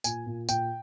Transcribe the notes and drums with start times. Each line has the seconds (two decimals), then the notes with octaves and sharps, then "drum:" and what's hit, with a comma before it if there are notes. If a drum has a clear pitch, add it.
0.04 A#2 G#5, drum: tambourine
0.26 A#2
0.49 A#2 G5, drum: tambourine